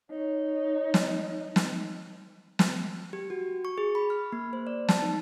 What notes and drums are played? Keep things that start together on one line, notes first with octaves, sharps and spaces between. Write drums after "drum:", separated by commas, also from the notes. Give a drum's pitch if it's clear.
D#4 C#5
drum: snare
drum: snare
drum: snare
G4
F#4
C#6
G#4
B5
F6
A#3
C5
D5
A5, drum: snare
D#4